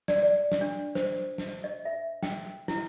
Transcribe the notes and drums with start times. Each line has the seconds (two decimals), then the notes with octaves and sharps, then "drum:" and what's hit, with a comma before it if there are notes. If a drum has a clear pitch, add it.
0.08 D5, drum: snare
0.23 D5
0.52 drum: snare
0.61 D4
0.95 C5, drum: snare
1.38 drum: snare
1.64 D#5
1.85 E5
2.23 G5, drum: snare
2.68 E4, drum: snare